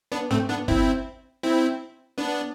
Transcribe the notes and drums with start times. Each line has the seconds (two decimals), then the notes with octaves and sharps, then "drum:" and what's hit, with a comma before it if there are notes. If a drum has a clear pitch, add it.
0.12 B3 D4
0.31 A3 C4, drum: tom G#2
0.49 B3 D4
0.68 C4 E4, drum: kick G1
1.43 C4 E4
2.18 B3 D4